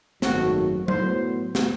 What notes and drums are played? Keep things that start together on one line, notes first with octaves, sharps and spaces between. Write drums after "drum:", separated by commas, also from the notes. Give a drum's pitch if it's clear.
G#1 F#2 D#3 F#3 A3 F#4, drum: snare
A2 F#3 B3 C5, drum: tom F#3
drum: snare